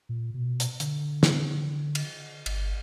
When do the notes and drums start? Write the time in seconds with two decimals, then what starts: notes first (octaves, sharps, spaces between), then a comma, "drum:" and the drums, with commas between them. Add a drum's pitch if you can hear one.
0.09 A#2
0.34 B2
0.60 drum: hi-hat
0.80 D3, drum: hi-hat
1.23 drum: snare
1.95 drum: cymbal
2.46 G1, drum: cymbal